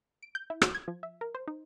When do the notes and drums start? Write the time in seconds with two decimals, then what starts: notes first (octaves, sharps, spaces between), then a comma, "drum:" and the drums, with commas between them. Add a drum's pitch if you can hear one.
0.23 D7
0.35 G6
0.50 E4
0.62 F#4, drum: rim click
0.75 G#6
0.88 F3
1.03 E5
1.21 A#4
1.35 C5
1.48 D#4